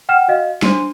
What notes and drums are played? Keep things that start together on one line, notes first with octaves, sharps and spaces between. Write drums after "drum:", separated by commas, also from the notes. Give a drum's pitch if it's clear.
F#5 G5 F6 E7
F#4 D#5 F5
D4 C5 C6 D#7, drum: snare